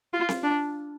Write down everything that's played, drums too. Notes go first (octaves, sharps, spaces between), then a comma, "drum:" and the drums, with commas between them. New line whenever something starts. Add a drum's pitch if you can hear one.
F4
drum: snare C4
D4